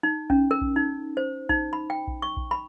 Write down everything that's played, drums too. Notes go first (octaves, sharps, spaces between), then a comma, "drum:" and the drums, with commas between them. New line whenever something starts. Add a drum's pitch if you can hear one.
D#4
C#4, drum: kick A#1
A#4
drum: kick A#1
D#4
C5
D#4, drum: kick A#1
B5
G5
drum: kick A#1
C#6
drum: kick A#1
B5